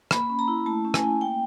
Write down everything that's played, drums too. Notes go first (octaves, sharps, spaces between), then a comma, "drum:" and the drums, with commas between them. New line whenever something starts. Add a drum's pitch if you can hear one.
A#3 B5, drum: rim click
C#4
A#5
E4
A3 A5
C#4
G#5, drum: rim click
E4
A#3 G5